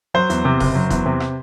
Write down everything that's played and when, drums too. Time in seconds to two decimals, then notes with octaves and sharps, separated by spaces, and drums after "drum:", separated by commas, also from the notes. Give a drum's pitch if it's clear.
0.14 F#3 C5
0.30 E2, drum: hi-hat
0.45 C3
0.60 F#1, drum: kick D#1, open hi-hat
0.75 F#3
0.90 E2, drum: kick D#1, hi-hat
1.06 C3
1.20 drum: rim click